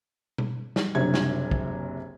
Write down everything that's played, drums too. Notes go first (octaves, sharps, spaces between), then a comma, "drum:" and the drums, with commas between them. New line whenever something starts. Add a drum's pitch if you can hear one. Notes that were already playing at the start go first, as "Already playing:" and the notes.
drum: tom B2
drum: snare
F#1 F#2 C3 D4 G#6
drum: snare
drum: kick